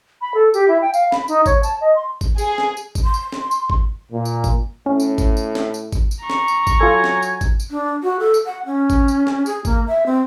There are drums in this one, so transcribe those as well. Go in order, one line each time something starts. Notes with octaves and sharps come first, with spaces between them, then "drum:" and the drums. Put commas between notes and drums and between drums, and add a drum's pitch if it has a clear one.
B5
A4
G4, drum: tambourine
E4
G5
F5, drum: tambourine
B5, drum: snare
D#4, drum: tambourine
C#5, drum: kick G#1, tambourine
A5, drum: tambourine
D#5
C6
drum: kick G#1, tambourine
G#4, drum: tambourine
drum: snare
drum: tambourine
drum: kick G#1, tambourine
C6
drum: tambourine
drum: snare
drum: tambourine
drum: kick G#1
A#2
drum: tambourine
drum: kick G#1, tambourine
A2 C#4
drum: tambourine
drum: kick G#1, tambourine
drum: tambourine
drum: snare
drum: tambourine
drum: kick G#1, tambourine
drum: tambourine
A#5 C#6
drum: snare
drum: tambourine
drum: kick G#1, tambourine
F#3 F4 A4 G#5
drum: snare
drum: tambourine
drum: kick G#1, tambourine
drum: tambourine
D4
F#4
A4
drum: tambourine
F#5
C#4
drum: kick G#1, tambourine
drum: tambourine
drum: snare
G#4, drum: tambourine
A#3, drum: kick G#1, tambourine
E5
C4